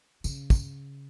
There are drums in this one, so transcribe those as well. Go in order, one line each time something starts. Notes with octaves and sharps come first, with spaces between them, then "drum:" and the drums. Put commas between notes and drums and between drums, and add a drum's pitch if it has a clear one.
C#3, drum: tambourine
drum: kick, tambourine